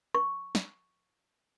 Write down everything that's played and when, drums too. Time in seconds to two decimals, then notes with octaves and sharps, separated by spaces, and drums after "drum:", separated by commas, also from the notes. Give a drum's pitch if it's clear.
0.15 C#6, drum: rim click
0.55 drum: snare